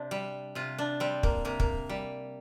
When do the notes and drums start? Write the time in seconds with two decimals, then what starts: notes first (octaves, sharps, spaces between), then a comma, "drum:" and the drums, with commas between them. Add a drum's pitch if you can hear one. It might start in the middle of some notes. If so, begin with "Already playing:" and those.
Already playing: C3 C4 D4
0.11 G3
0.55 C3 F4
0.78 D4
1.00 G3 C4
1.23 A#3, drum: kick
1.45 C3 A#3
1.60 A#3, drum: kick
1.89 G3